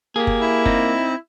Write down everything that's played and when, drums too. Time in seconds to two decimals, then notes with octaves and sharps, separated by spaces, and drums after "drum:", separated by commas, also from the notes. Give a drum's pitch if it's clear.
0.16 A#3 G4 G#4
0.27 drum: kick F#1
0.40 E4
0.65 C4 D#4, drum: kick F#1